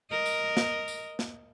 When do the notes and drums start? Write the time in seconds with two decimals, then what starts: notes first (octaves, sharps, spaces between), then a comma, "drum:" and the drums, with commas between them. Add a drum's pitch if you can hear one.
0.10 A#4 D#5
0.26 drum: tambourine
0.57 drum: snare
0.88 drum: tambourine
1.19 drum: snare